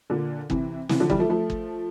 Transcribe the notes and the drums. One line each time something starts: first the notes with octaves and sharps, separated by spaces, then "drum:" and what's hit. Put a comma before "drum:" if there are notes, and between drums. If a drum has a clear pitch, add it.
A#2 D3
C3 E3, drum: kick G1
C3 E3, drum: snare
D3 F3
E3 G3, drum: kick G1
F3 A3
F3 A3
drum: kick G1